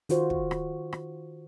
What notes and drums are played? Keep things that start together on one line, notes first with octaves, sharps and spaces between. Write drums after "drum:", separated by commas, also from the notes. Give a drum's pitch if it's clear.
D#3 F4 F#4 C5, drum: hi-hat
drum: kick
drum: rim click
drum: rim click